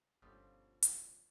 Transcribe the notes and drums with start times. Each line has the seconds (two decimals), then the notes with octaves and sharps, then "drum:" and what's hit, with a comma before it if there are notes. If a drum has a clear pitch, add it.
0.22 G1 B2 D3 F3 C#4 F4 G4
0.83 drum: hi-hat